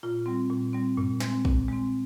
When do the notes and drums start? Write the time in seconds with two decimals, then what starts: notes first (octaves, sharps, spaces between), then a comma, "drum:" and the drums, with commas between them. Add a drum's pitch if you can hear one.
0.03 A#2 F4
0.26 G3 C4
0.50 A#2
0.73 G3 C4
0.98 A#2, drum: tom F#2
1.20 G#3 C4, drum: snare
1.45 A#2, drum: kick
1.69 G#3 C4